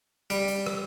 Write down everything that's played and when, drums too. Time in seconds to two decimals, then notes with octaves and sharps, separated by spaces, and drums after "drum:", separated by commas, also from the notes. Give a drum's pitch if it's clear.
0.30 G3, drum: hi-hat
0.48 drum: hi-hat
0.66 drum: rim click